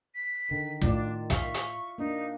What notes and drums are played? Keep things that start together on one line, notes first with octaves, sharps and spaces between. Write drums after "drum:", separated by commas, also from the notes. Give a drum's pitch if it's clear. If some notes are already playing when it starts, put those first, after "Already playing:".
B6
D3 D#3
A2 D4 F4 D5, drum: kick
E5 F5 C#6, drum: kick, hi-hat
drum: hi-hat
A#3 D4 D#4